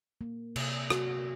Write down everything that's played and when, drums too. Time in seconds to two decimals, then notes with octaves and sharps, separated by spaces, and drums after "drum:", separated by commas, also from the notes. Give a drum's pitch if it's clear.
0.21 A#3
0.56 C3, drum: cymbal
0.90 F#4, drum: rim click